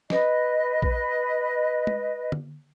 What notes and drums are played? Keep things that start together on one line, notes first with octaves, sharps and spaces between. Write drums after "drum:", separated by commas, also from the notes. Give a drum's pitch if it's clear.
B4 D#5, drum: snare
drum: kick A#1
drum: tom
drum: tom